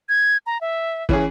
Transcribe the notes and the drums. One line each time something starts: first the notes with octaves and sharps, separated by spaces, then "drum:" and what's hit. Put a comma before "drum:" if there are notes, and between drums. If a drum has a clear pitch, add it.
G#6
A#5
E5
E3 C#4 G#4, drum: kick